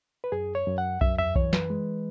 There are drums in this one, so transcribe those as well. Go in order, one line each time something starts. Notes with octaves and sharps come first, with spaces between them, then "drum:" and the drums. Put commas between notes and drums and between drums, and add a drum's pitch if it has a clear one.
B4
F#2 G#4
C#5
F#2
F#5
F#2 E5, drum: kick B1
E5, drum: tom E2
E3 C#5, drum: kick B1
B4, drum: snare
G#3